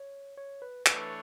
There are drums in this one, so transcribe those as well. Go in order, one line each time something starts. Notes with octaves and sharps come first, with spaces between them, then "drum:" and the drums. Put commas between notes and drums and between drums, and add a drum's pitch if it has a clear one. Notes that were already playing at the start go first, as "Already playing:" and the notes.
Already playing: C#5
C#5
B4
E3 A3 D4 A4 B4 C#5, drum: clap